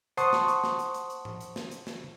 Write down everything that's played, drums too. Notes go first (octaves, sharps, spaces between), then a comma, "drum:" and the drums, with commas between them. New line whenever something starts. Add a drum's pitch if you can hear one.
C5 F#5 A5 C6 C#6 D#6, drum: hi-hat
drum: snare
drum: hi-hat
drum: snare
drum: hi-hat
drum: hi-hat
drum: hi-hat
drum: tom G#2
drum: hi-hat
drum: snare
drum: hi-hat
drum: snare